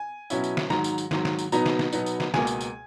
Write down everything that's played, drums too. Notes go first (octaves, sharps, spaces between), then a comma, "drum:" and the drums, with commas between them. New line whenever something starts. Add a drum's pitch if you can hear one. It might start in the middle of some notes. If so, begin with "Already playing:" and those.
Already playing: G#5
B2 F#3 C#4 E4, drum: tambourine
drum: tambourine
drum: snare
G#2 D#3 F#3 A#5, drum: snare
drum: tambourine
drum: tambourine
G#2 D#3 F#3, drum: snare
drum: snare
drum: tambourine
B2 F#3 B3 D#4 A#5, drum: tambourine
drum: snare
drum: snare
B2 F#3 B3 D#4, drum: tambourine
drum: tambourine
drum: snare
C#2 B2 A#3 G#5, drum: snare
drum: tambourine
drum: tambourine